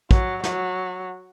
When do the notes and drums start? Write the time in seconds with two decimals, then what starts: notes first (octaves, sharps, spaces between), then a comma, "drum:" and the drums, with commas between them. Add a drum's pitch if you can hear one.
0.11 F#3, drum: kick
0.44 F#3, drum: snare